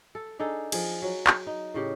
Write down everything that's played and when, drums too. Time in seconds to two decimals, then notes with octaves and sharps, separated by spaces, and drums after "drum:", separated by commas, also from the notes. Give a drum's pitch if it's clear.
0.15 A4
0.39 D4 D#4 G#4 A4
0.72 F3 G#4, drum: cymbal
1.02 F#3
1.27 drum: clap
1.47 D#4
1.74 A2 C#3 G4